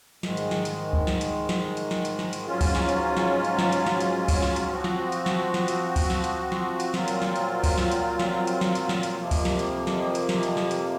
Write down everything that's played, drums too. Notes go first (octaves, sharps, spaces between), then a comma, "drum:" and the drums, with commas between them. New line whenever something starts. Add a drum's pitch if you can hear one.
G#2 D#3 G#3, drum: snare
drum: hi-hat
drum: snare
drum: hi-hat
drum: kick C#2
drum: snare
drum: hi-hat
drum: snare
drum: hi-hat
drum: snare
drum: hi-hat
drum: snare
drum: hi-hat
G#2 F#3 C#4 F4
drum: kick C#2, open hi-hat
drum: snare
drum: hi-hat
drum: snare
drum: hi-hat
drum: snare
drum: hi-hat
drum: snare
drum: hi-hat
drum: kick C#2, open hi-hat
drum: snare
drum: hi-hat
F3 C4 F#4
drum: snare
drum: hi-hat
drum: snare
drum: snare
drum: hi-hat
drum: kick C#2, open hi-hat
drum: snare
drum: hi-hat
drum: snare
drum: hi-hat
A#2 F#3 C4 F4, drum: snare
drum: hi-hat
drum: snare
drum: hi-hat
drum: kick C#2, open hi-hat
drum: snare
drum: hi-hat
drum: snare
drum: hi-hat
drum: snare
drum: hi-hat
drum: snare
drum: hi-hat
F2 C3 F3 A#3
drum: kick C#2, open hi-hat
drum: snare
drum: hi-hat
drum: snare
drum: hi-hat
drum: snare
drum: hi-hat
drum: snare
drum: hi-hat